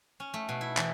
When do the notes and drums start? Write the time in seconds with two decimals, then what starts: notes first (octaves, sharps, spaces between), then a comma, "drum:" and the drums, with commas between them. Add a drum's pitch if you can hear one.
0.20 C#4
0.34 A3
0.49 B2
0.61 E4
0.77 E3, drum: clap